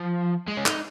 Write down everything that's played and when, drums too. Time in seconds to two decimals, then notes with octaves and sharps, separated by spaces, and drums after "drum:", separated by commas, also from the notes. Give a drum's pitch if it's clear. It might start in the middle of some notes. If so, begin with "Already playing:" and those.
Already playing: F3
0.48 G#3
0.57 C#4
0.66 D#4, drum: clap